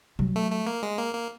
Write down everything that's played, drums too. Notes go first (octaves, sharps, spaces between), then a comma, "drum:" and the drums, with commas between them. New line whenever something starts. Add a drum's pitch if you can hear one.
F#3, drum: tom B2
A3
A3
A#3
G#3
A#3
A#3